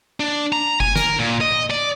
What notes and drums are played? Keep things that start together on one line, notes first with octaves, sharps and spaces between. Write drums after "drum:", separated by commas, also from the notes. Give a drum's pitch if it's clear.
D4
A#5
G#5, drum: kick F#1
A#4, drum: snare
A#2
D#5
D5